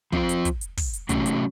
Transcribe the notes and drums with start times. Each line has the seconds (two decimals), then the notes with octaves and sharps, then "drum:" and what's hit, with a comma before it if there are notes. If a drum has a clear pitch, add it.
0.12 F3 C4 F4 C5, drum: kick
0.29 drum: hi-hat
0.45 drum: kick, hi-hat
0.61 drum: hi-hat
0.77 drum: kick, open hi-hat
0.94 drum: hi-hat
1.09 C3 F#3 A3 C#4, drum: kick, hi-hat
1.26 drum: hi-hat